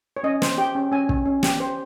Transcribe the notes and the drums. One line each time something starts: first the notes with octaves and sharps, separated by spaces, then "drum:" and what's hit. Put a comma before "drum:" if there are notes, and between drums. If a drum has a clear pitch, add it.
C#5
C#4 D#5
C5, drum: snare
G4 G5
C#4
C#4 G#5
C#4, drum: kick
C#4
G4, drum: snare
C5